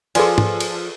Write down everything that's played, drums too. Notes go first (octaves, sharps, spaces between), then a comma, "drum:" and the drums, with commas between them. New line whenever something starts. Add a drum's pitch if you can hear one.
F3 F4 G#4 A4 B4 D5 G#5 C6, drum: cymbal
drum: tom
drum: cymbal